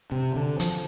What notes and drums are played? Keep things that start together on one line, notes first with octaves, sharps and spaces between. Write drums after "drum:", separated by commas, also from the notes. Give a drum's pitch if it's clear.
C3
D3
F3, drum: hi-hat